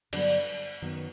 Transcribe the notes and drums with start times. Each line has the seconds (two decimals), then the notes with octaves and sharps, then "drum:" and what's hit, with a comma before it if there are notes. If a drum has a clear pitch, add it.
0.13 G2 D3 F#3 B3 D4 D5, drum: cymbal
0.82 F#2 D#3 F#3 B3